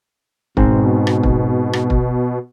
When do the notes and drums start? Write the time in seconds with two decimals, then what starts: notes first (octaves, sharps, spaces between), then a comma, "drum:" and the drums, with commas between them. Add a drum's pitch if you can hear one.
0.57 G#2 B2 C4, drum: kick
1.07 drum: rim click
1.23 drum: kick
1.73 drum: rim click
1.90 drum: kick